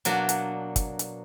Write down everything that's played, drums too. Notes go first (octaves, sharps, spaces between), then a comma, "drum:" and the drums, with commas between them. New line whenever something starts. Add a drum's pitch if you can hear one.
B2 F#3 A#3 D4 F#4, drum: hi-hat
drum: hi-hat
drum: kick, hi-hat
drum: hi-hat